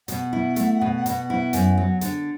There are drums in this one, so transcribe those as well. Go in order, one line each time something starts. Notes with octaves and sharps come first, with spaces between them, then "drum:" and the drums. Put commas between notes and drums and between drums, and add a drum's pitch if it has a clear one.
B2 F#5, drum: hi-hat
E4
A3, drum: hi-hat
B2
B2, drum: hi-hat
E4
F#2, drum: hi-hat
F#3
D3, drum: hi-hat